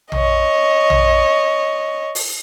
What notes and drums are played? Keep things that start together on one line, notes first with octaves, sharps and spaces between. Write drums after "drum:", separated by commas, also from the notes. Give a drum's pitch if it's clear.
C#5 D#5, drum: tom A#1
drum: tom A#1
drum: open hi-hat